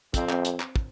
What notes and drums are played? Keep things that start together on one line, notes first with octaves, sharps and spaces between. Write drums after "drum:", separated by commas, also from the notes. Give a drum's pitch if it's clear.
F2 C4, drum: kick, hi-hat
drum: clap
drum: hi-hat
drum: clap
drum: kick